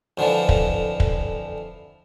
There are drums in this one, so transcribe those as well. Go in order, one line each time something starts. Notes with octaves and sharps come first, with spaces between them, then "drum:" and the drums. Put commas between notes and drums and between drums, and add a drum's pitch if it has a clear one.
F2 D3 E3 F3
drum: kick
drum: kick